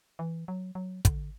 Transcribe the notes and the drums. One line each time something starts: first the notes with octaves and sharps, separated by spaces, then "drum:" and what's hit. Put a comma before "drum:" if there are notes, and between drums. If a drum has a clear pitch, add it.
E3
F#3
F#3
D3, drum: kick, hi-hat